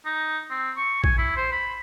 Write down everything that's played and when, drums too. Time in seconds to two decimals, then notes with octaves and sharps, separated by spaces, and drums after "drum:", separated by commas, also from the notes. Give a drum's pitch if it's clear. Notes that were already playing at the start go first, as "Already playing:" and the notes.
0.05 D#4
0.50 C4
0.77 C#6
1.04 G#5, drum: kick A#1
1.18 E4
1.37 C5
1.52 B5